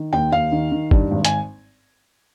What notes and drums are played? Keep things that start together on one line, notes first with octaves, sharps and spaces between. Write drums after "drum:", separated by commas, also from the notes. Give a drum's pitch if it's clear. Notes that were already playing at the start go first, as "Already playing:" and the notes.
Already playing: D#3
D#2 G5
D#2 F5
D#3
D#3
G2, drum: kick
G#1
G#5, drum: hi-hat